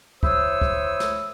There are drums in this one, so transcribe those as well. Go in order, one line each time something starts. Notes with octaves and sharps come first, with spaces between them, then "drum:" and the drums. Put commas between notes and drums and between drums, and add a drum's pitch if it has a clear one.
E4 C5 C#5 D#6 E6, drum: kick
drum: kick
drum: snare